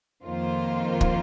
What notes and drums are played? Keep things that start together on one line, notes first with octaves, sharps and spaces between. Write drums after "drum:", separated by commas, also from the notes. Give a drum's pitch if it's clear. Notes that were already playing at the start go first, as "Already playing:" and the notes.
F2 D#3 A#3 F4 C5
drum: kick